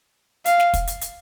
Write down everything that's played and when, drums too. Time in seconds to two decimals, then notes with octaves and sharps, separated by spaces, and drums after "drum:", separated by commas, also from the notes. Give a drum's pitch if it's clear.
0.45 F5, drum: hi-hat
0.60 drum: snare
0.74 drum: kick, hi-hat
0.87 drum: hi-hat
1.01 drum: hi-hat